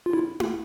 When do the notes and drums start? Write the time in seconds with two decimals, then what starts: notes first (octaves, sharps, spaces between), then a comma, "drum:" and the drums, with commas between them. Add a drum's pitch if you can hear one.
0.06 F4
0.13 E4
0.40 drum: tom E4